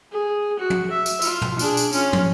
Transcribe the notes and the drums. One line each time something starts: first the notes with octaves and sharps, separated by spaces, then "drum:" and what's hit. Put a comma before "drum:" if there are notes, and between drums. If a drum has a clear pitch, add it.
G#4
F#4
drum: tom
E5
drum: tambourine
F4, drum: tambourine
drum: tom
D4 G#4, drum: tambourine
drum: tambourine
C#4 F4, drum: tambourine
drum: tom